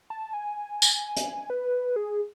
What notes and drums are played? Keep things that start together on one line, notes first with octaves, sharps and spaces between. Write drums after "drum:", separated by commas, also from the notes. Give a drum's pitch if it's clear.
A5
G#5
drum: tambourine
drum: hi-hat
B4
G#4